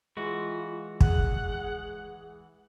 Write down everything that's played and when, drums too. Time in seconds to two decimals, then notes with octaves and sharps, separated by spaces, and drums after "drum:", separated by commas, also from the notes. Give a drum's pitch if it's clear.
0.17 E3 G#3 F4 F#4
1.00 G#4 F#5, drum: kick